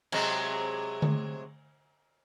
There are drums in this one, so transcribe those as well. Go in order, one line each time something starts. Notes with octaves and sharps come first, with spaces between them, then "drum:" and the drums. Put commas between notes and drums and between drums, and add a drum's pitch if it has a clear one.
C3 F#3 G#3, drum: cymbal
drum: tom D3